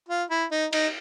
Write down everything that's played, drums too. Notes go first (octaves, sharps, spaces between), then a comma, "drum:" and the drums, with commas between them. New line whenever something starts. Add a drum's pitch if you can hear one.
F4
E4
D#4
D#4, drum: cymbal